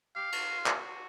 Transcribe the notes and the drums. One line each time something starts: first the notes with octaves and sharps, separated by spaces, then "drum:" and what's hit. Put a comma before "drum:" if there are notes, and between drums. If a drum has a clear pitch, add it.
G4 F5
F#4, drum: cymbal
F#4
F4
F#4, drum: clap